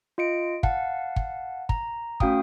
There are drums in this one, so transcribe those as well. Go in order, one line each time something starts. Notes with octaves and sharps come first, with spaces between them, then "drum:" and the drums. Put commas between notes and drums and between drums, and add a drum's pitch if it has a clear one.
F4 D#5 C#7 D7
F5 F#5 A5, drum: kick
drum: kick
A#5, drum: kick
A3 C#4 F#4 F5 G5 D#6, drum: kick